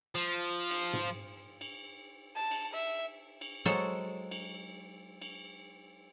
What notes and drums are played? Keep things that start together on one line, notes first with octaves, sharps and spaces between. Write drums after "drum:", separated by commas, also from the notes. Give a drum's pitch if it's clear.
F3
drum: cymbal
drum: tom G#2
drum: cymbal
A5
drum: cymbal
E5
drum: cymbal
F#3 G#3 A4 C5 C#5
drum: cymbal
drum: cymbal